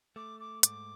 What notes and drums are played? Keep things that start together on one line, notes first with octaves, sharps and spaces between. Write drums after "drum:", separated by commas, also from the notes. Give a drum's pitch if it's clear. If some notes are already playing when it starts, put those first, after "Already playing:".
A3 D6
D6
G#2 D6, drum: hi-hat